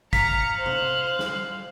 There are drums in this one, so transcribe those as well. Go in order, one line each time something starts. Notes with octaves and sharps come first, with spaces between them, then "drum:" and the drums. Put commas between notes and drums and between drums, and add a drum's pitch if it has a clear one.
F5 A#5 B6 C#7, drum: kick, hi-hat
C5 F#6
drum: tom C3
drum: snare